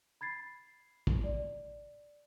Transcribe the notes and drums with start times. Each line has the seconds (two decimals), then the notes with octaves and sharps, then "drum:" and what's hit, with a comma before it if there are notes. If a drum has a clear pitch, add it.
0.21 B5 G#6 A6 C7
1.07 drum: kick
1.24 D5